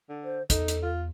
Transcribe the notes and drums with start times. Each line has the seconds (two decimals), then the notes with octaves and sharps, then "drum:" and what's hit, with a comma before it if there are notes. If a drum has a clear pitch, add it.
0.09 D3
0.24 C5
0.50 E2 D#4 A4, drum: kick, hi-hat
0.68 drum: hi-hat
0.83 F4